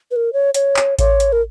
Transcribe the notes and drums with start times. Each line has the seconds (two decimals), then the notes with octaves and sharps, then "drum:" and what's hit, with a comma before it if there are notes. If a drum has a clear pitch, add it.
0.11 B4
0.16 A#4
0.33 C#5
0.54 C#5, drum: hi-hat
0.76 drum: clap
0.99 C#5, drum: kick A1, hi-hat
1.20 drum: hi-hat
1.32 A#4